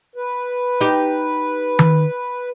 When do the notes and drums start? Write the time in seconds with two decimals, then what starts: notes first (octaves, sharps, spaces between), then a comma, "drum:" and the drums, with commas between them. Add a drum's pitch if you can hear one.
0.16 B4
0.81 D#4 G4
1.79 drum: tom D#3